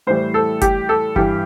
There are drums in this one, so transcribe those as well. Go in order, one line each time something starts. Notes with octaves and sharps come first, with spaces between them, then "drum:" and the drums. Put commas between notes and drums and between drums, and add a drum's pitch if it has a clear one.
A2 E3 G3 C5
A4
G4, drum: kick F#1, hi-hat
A4
G2 E3 G3 G4, drum: kick F#1